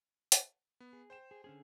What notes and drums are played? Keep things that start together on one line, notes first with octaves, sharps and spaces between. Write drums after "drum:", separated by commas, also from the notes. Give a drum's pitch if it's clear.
drum: hi-hat
B3
G#4
C5 G5 E7
G#4
D3 C#4 G#4